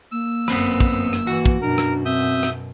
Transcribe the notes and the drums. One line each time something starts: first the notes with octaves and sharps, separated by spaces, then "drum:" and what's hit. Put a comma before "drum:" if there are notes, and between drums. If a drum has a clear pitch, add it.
A#3 E6
G1 F#2 B3 C4 B4, drum: rim click
drum: kick
drum: rim click
E3 F#4
drum: kick
F#2 B2 D4 A#4
drum: rim click
C4 E5 D#6 G6
drum: rim click